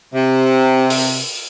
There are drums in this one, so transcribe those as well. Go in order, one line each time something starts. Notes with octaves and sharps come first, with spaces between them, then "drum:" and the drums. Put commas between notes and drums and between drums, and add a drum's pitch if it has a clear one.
C3
drum: open hi-hat